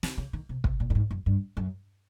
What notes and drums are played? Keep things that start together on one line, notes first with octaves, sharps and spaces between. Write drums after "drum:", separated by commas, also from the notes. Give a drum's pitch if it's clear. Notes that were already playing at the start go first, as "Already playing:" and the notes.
D3, drum: snare
C#3
D#3
C3
C3, drum: kick
A#2
G2
G#2
F#2
G2
F#2